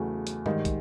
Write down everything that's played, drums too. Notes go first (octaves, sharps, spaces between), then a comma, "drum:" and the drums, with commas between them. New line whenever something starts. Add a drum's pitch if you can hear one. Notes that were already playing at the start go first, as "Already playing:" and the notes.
Already playing: E2 C#3 F#3 A3
drum: hi-hat
G#2 D#3 G3, drum: tom
drum: kick, hi-hat